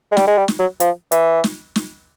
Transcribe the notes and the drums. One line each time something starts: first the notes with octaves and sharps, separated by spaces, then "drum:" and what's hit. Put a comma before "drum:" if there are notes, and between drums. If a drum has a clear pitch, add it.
G#3
G3, drum: snare
G#3
G3
drum: snare
F#3
F3, drum: hi-hat
E3, drum: hi-hat
drum: snare
drum: snare